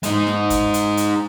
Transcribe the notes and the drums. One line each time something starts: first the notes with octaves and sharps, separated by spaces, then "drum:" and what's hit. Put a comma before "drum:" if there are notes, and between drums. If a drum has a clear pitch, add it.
G#3 D#4, drum: hi-hat
drum: snare
drum: kick, hi-hat
drum: hi-hat
drum: hi-hat